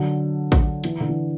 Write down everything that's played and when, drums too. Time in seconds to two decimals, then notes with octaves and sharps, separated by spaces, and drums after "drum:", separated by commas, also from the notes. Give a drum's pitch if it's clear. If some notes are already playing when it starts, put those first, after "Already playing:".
Already playing: D3 F#3
0.52 drum: kick A1, hi-hat
0.84 E3, drum: hi-hat
1.00 D3
1.08 E3